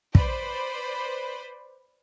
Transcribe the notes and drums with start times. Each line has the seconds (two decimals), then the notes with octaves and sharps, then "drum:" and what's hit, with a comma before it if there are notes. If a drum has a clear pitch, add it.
0.15 B4 C5 D5 B5, drum: kick